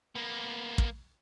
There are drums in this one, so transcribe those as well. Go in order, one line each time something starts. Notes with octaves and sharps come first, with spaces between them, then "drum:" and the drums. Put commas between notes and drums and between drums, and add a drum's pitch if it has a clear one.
A#3 B3
drum: kick